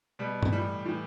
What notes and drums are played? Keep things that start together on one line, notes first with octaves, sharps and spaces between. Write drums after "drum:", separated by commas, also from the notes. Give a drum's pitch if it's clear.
B2 G3
drum: tom G2
A2 E3 G3
A2 E3